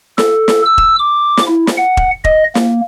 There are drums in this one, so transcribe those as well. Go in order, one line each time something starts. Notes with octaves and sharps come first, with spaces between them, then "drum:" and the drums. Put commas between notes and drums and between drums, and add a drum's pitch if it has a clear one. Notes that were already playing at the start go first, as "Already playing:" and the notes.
A4, drum: snare
drum: snare
E6
drum: kick E1
D6
drum: snare
E4
drum: snare
F#5
drum: kick E1
D#5, drum: kick E1
A#3, drum: snare